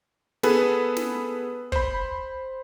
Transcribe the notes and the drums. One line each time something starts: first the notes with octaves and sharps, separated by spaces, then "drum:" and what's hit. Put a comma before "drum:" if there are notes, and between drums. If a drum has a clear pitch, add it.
B3 G#4 A4 B4, drum: snare
drum: snare
C5 B5, drum: kick